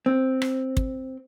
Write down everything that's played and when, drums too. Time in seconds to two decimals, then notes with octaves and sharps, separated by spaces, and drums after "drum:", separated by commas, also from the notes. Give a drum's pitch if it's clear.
0.06 C4
0.42 drum: rim click
0.77 drum: kick